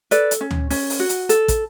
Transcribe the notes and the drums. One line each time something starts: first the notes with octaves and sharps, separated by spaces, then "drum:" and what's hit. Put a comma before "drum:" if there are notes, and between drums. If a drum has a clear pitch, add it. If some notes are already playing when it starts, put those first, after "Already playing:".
A4 B4 D5, drum: hi-hat
drum: hi-hat
C#4
drum: tom D2
C#4, drum: open hi-hat
drum: open hi-hat
F#4
drum: hi-hat
A4, drum: hi-hat
drum: kick, hi-hat